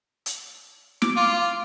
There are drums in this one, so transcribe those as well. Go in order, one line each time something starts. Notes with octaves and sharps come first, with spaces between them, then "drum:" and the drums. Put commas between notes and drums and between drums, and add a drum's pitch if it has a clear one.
drum: hi-hat
D6, drum: snare
F4